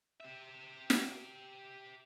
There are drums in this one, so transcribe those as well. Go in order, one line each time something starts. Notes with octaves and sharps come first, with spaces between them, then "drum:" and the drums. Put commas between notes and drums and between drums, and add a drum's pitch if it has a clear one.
G4 E5
drum: snare